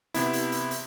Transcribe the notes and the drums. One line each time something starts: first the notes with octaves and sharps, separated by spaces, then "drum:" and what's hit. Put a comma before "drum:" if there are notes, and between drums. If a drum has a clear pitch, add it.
C3 B3 E4, drum: hi-hat
drum: hi-hat
drum: hi-hat
drum: hi-hat